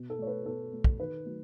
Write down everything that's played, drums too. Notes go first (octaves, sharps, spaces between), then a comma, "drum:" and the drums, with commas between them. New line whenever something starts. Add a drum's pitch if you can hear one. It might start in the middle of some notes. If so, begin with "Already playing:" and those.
Already playing: B2
A4
A3 C#5
B4
B2 A4
A3
drum: kick
D#3 B4
F#3 A3